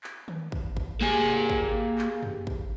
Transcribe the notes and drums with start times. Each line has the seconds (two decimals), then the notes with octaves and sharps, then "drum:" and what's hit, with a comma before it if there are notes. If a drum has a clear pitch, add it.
0.04 drum: clap
0.28 drum: tom D#3
0.52 drum: kick
0.77 drum: kick
1.01 A#3 G4 G#4 G#5, drum: clap
1.50 drum: kick
1.98 drum: clap
2.23 drum: tom F#2
2.47 drum: kick